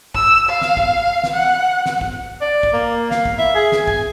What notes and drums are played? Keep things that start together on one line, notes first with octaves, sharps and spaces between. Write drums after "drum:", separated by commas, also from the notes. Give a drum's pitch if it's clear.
E6, drum: kick
F5
drum: snare
drum: kick
drum: snare
F#5
drum: snare
drum: kick
D5
drum: kick
A#3
F5, drum: snare
drum: kick
E5
G#4
drum: snare
G#5, drum: kick